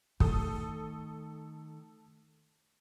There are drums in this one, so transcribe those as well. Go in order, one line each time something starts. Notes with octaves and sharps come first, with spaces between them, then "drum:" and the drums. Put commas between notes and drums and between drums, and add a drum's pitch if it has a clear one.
D#3 A3 A4 D#6, drum: kick